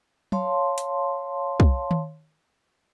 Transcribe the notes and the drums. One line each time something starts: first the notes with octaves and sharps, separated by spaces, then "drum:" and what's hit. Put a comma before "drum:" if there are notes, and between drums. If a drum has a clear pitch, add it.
C#5 F5 A5 C6, drum: tom F#3
drum: hi-hat
drum: kick
drum: tom D#3